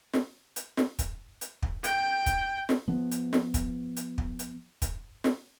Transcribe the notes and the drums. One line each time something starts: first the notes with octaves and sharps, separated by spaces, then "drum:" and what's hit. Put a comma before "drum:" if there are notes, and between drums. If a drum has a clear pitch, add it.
drum: snare
drum: hi-hat
drum: snare
drum: kick, hi-hat
drum: hi-hat
drum: kick
G5, drum: hi-hat
drum: kick, hi-hat
drum: snare
F3 B3
drum: hi-hat
drum: snare
drum: kick, hi-hat
drum: hi-hat
drum: kick
drum: hi-hat
drum: kick, hi-hat
drum: snare